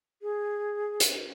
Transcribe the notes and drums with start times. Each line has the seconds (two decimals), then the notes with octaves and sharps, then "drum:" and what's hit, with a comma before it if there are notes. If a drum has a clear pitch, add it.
0.22 G#4
1.00 drum: hi-hat